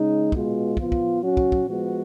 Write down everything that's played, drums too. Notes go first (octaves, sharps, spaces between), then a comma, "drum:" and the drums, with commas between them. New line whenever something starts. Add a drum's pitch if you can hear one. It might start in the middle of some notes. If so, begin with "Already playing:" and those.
Already playing: C#3 G#3 D#4
B2 G#3 B3 F4, drum: kick
F3 B3 F4, drum: kick
drum: kick
F#3 C#4 F#4
drum: kick
drum: kick
F3 G#3 B3 F#4